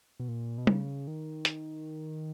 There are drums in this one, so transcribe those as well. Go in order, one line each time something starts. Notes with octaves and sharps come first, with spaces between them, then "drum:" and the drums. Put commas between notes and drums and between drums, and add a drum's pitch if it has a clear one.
B2
A#2
B2
C#3, drum: tom
D#3
drum: hi-hat